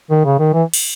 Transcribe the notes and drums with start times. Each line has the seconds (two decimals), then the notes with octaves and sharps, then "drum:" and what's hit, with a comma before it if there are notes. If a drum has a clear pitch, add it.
0.10 D#3
0.25 C#3
0.39 D#3
0.53 E3
0.74 drum: cymbal